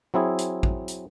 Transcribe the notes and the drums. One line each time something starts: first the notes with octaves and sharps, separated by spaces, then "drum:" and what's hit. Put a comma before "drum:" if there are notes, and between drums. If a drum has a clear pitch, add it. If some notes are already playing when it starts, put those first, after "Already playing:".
F#3 C4 E4 G#4
drum: hi-hat
drum: kick
drum: hi-hat